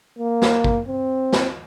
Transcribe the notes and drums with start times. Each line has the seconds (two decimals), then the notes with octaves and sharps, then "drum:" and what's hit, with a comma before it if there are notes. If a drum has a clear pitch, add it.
0.19 A#3
0.42 drum: snare
0.64 drum: kick
0.88 C4
1.33 drum: snare